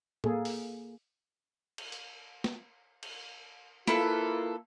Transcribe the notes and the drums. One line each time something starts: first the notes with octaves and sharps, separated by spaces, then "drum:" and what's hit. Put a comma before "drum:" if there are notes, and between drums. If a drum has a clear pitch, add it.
A#3 G#4 A4, drum: tom A2
drum: open hi-hat
drum: cymbal
drum: hi-hat
drum: snare
drum: cymbal
A#3 E4 F4 A4 B4, drum: snare